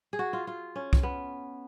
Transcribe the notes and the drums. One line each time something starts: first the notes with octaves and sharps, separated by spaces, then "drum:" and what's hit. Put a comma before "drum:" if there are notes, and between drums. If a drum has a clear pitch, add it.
G#4
F#4
F4
F4
C#4
drum: kick C2
B3